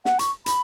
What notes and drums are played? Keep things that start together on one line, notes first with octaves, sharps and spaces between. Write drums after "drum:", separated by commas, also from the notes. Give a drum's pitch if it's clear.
F#5, drum: snare
C#6, drum: hi-hat
B5, drum: hi-hat